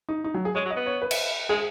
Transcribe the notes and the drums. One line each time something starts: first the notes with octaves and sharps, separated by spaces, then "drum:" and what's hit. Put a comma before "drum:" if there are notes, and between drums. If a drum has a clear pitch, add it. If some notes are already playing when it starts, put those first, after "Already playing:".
D#4
D#4
F#3
G#4
G#3 C#5
F#3
D#5
B3
C#5
B4
drum: cymbal
G#3 G#4